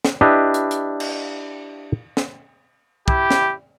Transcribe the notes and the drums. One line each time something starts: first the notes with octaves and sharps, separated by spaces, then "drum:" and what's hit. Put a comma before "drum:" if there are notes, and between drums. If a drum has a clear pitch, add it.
drum: snare
D4 E4 G4 B4 D#5
drum: hi-hat
drum: hi-hat
drum: cymbal
drum: snare
E4 G4, drum: kick
drum: snare